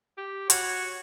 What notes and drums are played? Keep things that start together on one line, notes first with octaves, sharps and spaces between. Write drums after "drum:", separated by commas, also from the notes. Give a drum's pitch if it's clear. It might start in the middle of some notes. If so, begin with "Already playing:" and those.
G4
F#4 C#5, drum: hi-hat